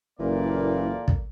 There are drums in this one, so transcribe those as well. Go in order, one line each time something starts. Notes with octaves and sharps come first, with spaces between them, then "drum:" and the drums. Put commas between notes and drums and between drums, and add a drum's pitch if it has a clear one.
F#1 A#2 E3 A#3 A4 D5
drum: kick